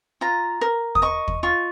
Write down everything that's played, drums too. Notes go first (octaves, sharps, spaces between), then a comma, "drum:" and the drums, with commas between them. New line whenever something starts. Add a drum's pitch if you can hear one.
F4 A#5
A#4
D#6, drum: kick
D#5 C#6
drum: kick
F4 C#6